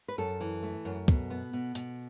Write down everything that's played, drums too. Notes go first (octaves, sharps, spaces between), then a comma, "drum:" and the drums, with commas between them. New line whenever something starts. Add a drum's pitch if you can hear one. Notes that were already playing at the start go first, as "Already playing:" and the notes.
B4
F#2 A4
E3
A3
F#2
B2, drum: kick
B3
B2
B2, drum: hi-hat